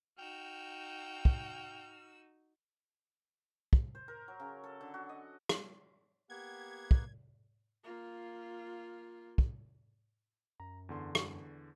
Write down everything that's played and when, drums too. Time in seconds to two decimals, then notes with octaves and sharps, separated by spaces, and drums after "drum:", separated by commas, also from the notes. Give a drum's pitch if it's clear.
0.19 D#4 F#4 G5 E6 F6
1.25 drum: kick
3.73 drum: kick
3.95 C5
4.08 A#4
4.28 F#3
4.40 C#3
4.64 A4
4.81 D3
4.94 F#4
5.09 D#5
5.49 drum: rim click
6.30 A#3 B3 G4 F#5 G#6
6.91 drum: kick
7.84 A#3 F4
9.38 drum: kick
10.60 F#2 A#5
10.89 E2 D3 C6
11.15 drum: rim click